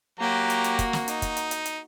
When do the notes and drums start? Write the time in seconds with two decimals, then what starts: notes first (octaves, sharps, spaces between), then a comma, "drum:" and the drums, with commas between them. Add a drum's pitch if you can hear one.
0.19 F#3 A#3 F#4 G4 A#5
0.50 drum: hi-hat
0.64 drum: hi-hat
0.79 drum: kick, hi-hat
0.93 drum: snare
1.08 D#4, drum: hi-hat
1.22 drum: kick, hi-hat
1.37 drum: hi-hat
1.51 drum: hi-hat
1.65 drum: hi-hat